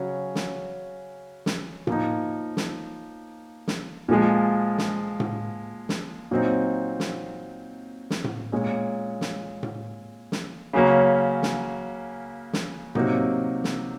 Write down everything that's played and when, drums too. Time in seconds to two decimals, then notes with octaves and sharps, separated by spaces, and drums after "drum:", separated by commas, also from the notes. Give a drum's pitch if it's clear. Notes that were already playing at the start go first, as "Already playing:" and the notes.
Already playing: C#3 F#3 C#4
0.35 drum: snare
1.46 drum: snare
1.87 F3 A#3 D#4, drum: tom A2
2.57 drum: snare
3.68 drum: snare
4.08 A#2 F3 G#3
4.78 drum: snare
5.20 drum: tom A2
5.89 drum: snare
6.31 A#2 F#3 C4 D#4
7.00 drum: snare
8.10 drum: snare
8.24 drum: tom A2
8.52 A#2 G#3 C#4
9.21 drum: snare
9.63 drum: tom A2
10.32 drum: snare
10.73 C#3 F#3 A#3 C#4
11.43 drum: snare
12.53 drum: snare
12.95 C3 F#3 A#3 D#4, drum: tom A2
13.64 drum: snare